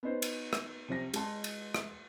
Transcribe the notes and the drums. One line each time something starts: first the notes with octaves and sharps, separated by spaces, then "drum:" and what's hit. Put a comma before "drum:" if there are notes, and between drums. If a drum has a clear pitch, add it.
B3 C#4 D#4 C5
drum: cymbal
drum: rim click
C3 F3 A#6
G#3 D#5 A5 C6, drum: cymbal
drum: cymbal
drum: rim click